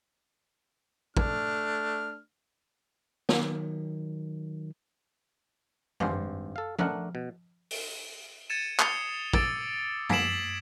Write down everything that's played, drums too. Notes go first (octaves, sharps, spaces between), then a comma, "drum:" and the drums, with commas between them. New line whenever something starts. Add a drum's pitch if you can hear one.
A3 D4 F6, drum: kick
D#3 F#3, drum: snare
G#1 G2 C5, drum: tom
A4 F5
A3 D4 A#4 F#5, drum: tom F3
B2
drum: open hi-hat
G#6 A6 C#7 D#7 E7
D#6 A6 C7 C#7 F7 G7, drum: clap
D6 E6 A6 D7, drum: kick
G#6 B6 C7 D7 E7 F#7, drum: tom